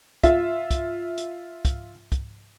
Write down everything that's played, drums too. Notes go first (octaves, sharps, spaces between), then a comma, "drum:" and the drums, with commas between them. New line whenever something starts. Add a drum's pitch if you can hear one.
F4 E5, drum: kick, hi-hat
drum: kick, hi-hat
drum: hi-hat
drum: kick, hi-hat
drum: kick, hi-hat